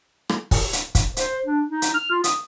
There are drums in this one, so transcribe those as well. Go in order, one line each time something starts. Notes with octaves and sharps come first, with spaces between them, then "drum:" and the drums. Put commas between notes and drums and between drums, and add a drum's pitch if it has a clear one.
drum: rim click
drum: kick, open hi-hat
drum: hi-hat
drum: kick, hi-hat
C5, drum: hi-hat
D4
D#4
drum: hi-hat
F6
F4
D#6, drum: hi-hat